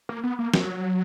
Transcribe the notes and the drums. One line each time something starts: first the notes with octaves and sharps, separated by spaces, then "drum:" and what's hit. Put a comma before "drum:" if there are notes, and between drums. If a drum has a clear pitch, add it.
A#3
B3
A#3
F#3, drum: snare